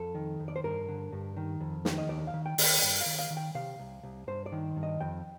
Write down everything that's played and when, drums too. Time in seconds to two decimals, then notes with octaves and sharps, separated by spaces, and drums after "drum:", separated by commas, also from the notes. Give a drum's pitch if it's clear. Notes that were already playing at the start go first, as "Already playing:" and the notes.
Already playing: F2 A4
0.15 D#3
0.40 F2
0.48 D5
0.56 C5
0.64 G2 A#4
0.88 D3
1.12 G2
1.36 D#3
1.61 F2
1.85 D#3, drum: snare
1.98 D#5
2.09 D#2 D5
2.27 F5
2.34 D#3
2.46 G5
2.58 D#3, drum: open hi-hat
2.64 G5
2.82 G2 G5
3.01 F5
3.06 D#3
3.19 F5
3.31 D#3
3.37 G5
3.55 C3 F5
3.79 C2
4.03 C2
4.28 G2 C5
4.46 D5
4.52 D#3
4.76 G2
4.83 D#5
5.00 F2 G5